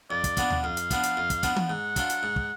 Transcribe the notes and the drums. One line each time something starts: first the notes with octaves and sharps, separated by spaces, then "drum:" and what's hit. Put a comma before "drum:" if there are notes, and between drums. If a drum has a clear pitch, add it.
F2 D5
drum: kick, hi-hat
F3 B3 D4, drum: kick, hi-hat
drum: tom D2
F2 F5
drum: hi-hat
F3 B3 D4, drum: kick, hi-hat
drum: hi-hat
F2
drum: kick, hi-hat
F3 B3 D4, drum: kick, hi-hat
drum: tom E3
G#2 F#5
F#3 D4 F4, drum: kick, hi-hat
drum: hi-hat
G#2
drum: kick